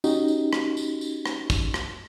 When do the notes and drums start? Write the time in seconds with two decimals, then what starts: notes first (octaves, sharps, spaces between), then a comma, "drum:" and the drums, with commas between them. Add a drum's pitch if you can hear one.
0.04 C#4 D#4 F#4 G4, drum: tambourine
0.28 drum: tambourine
0.53 drum: rim click
0.77 drum: tambourine
1.01 drum: tambourine
1.26 drum: rim click
1.50 drum: kick, tambourine
1.74 drum: rim click